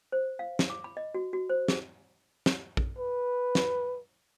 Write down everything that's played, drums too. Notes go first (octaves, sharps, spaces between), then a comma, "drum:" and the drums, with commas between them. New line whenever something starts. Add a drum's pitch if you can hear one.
C5
F5
drum: snare
D6
B5
D#5
F#4
F#4
C5
G#4, drum: snare
drum: snare
drum: kick A#1
B4
drum: snare